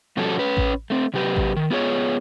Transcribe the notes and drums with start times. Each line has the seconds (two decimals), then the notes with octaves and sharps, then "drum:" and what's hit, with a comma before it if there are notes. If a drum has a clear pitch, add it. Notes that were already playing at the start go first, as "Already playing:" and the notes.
0.17 B2 F3 G3 C#4 F#4 A4
0.39 C#4 B4
0.57 drum: kick A1
0.90 A3 C4
1.14 C3 F#3 G4 B4
1.36 drum: kick A1
1.56 D#3
1.70 B3 F4 G#4 C#5